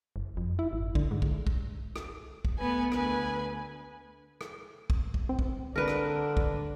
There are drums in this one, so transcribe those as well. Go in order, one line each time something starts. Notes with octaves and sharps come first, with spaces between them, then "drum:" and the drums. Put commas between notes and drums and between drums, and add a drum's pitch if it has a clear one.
F#1
F2
E4
G#1
D3, drum: kick
G#2
drum: kick
drum: kick
drum: rim click
drum: kick
A3 B3 B4 G#5
D2 B4 G#5, drum: rim click
drum: rim click
drum: kick
drum: kick
C4
drum: kick
D3 D4 A#4 B4
drum: rim click
drum: kick